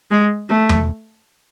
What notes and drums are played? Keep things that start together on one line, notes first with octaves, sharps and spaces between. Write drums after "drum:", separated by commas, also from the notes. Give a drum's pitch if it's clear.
G#3
A3
drum: tom E2